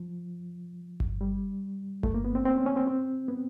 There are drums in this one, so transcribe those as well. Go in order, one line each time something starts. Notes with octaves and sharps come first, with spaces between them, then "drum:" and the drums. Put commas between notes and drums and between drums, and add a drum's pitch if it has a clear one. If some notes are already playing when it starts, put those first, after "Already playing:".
Already playing: F3
drum: kick G1
G3
A3, drum: kick G1
A#3
B3
C4
C4
C#4
C#4
C4
C4
B3